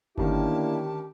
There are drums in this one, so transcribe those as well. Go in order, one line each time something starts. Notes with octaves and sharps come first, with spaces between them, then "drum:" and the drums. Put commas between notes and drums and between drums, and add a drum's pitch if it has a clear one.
D2 D#3 A#3 C#4 D4 E4 G4 A5, drum: kick G1